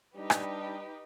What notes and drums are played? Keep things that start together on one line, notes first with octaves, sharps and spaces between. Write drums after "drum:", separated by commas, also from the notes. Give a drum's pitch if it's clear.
G3 D4 D#4 G4 B4
drum: rim click